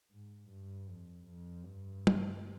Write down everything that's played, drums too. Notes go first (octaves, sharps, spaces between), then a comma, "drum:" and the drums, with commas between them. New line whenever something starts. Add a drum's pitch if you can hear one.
G#2
G2
F2
F2
G2
drum: tom